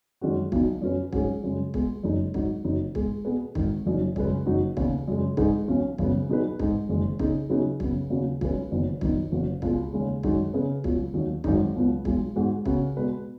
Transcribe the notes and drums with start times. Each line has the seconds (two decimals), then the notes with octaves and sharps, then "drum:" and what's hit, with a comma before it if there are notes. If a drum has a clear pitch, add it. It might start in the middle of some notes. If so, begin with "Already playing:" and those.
0.21 F#2 D#3 G#3 C#4 F#4
0.52 B1 B2 F#3 D#4, drum: kick
0.82 F#2 F#3 C#4 B4
1.12 G#2 F#3 C#4 G#4, drum: kick
1.44 F#2 C#3 G#3
1.74 B2 G#3 B3, drum: kick
2.03 F#1 F#2 C#3 G#3 D#4
2.34 G#2 F#3 D#4 F#4, drum: kick
2.64 F#1 F#2 F#3 D#4
2.95 G#2 G#3 B3 G#4, drum: kick
3.25 B2 B3 G#4 B4
3.55 G#1 G#2 D#3, drum: kick
3.86 F#1 F#2 F#3 D#4
4.16 F#2 C#3 G#3 C#4 B4, drum: kick
4.46 F#1 F#2 F#3 D#4 F#4
4.77 D#2 C#3 B3, drum: kick
5.08 F#2 C#3 G#3
5.37 G#2 G#3 D#4 G#4 B4, drum: kick
5.68 B1 B2 F#3 C#4
5.98 G#1 F#2 C#3 F#3 B3, drum: kick
6.29 B2 F#3 D#4 G#4 B4
6.59 G#2 G#3 D#4, drum: kick
6.89 F#1 F#2 D#3 G#3
7.19 C#3 B3 D#4 G#4, drum: kick
7.49 C#3 F#3 B3 D#4 G#4
7.80 F#2 C#3 B3, drum: kick
8.10 D#2 C#3 F#3 B3
8.41 B1 B2 G#3 C#4 B4, drum: kick
8.71 F#1 F#2 D#3 B3
9.01 F#2 D#3 F#3 B3 D#4, drum: kick
9.32 F#1 F#2 F#3 B3 F#4
9.62 C#2 B2 G#3, drum: kick
9.93 D#2 C#3 G#3 C#4
10.23 F#2 D#3 G#3 D#4 F#4, drum: kick
10.53 C#3 B3 G#4 B4
10.84 C#2 B2 F#3, drum: kick
11.14 D#2 D#3 F#3
11.44 G#1 F#2 D#3 G#3 D#4, drum: kick
11.75 C#2 B2 F#3 B3
12.05 B1 B2 G#3, drum: kick
12.36 G#2 G#3 B3 F#4
12.65 C#3 B3 F#4, drum: kick
12.96 B2 G#3 B3 F#4 B4